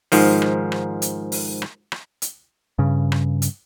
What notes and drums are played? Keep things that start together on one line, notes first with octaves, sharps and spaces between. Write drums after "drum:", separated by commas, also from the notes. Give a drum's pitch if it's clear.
G#2 D#3 F3, drum: open hi-hat
drum: rim click
drum: rim click
drum: hi-hat
drum: open hi-hat
drum: rim click
drum: rim click
drum: hi-hat
G2 C#3
drum: rim click
drum: hi-hat